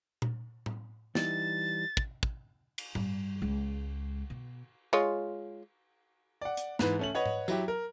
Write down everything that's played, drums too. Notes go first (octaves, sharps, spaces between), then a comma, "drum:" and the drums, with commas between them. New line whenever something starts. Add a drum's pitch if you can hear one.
drum: tom A#2
drum: tom A2
E3 G3 D#4 A6, drum: snare
drum: kick
drum: kick
drum: cymbal
G2 G3, drum: tom A2
C#2 G#3
B2
G#3 F4 C#5
D5 F#5
drum: hi-hat
G#2 E3 B4, drum: snare
A3 C#4 F#7
B4 C#5 D#5 F#5
drum: tom G#2
F#3 E4 G4, drum: tambourine
A#4